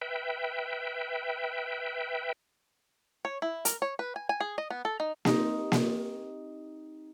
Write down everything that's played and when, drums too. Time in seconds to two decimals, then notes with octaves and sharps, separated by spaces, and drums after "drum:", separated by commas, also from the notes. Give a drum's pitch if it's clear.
0.01 B4 E5 G5
3.25 C#5
3.42 E4
3.65 A#4, drum: hi-hat
3.82 C#5
3.99 B4
4.16 G#5
4.29 G#5
4.40 G#4
4.58 D#5
4.70 B3
4.85 A4
5.00 D#4
5.25 C4 D#4 G4, drum: snare A#3
5.72 drum: snare A#3